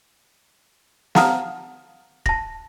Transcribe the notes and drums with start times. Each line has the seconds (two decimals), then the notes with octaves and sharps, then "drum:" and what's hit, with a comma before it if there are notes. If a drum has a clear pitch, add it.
1.15 F5 F#5 A5 A#5 D#6 F6, drum: snare
2.26 A5 A#6, drum: kick